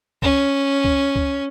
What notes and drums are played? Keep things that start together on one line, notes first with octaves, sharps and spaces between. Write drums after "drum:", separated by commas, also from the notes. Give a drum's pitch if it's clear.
C#4, drum: kick
drum: kick
drum: kick